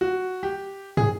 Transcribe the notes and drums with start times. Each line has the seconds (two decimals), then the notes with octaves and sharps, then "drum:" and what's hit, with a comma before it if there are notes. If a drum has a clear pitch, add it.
0.01 F#4
0.43 G4
0.97 G#4, drum: tom